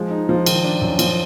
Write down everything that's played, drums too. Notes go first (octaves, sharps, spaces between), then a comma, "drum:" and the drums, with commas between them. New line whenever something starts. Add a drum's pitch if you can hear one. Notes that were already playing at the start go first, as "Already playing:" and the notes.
Already playing: F3 G#3
D#4
F3
D#3, drum: cymbal
D4
F#2
F3, drum: cymbal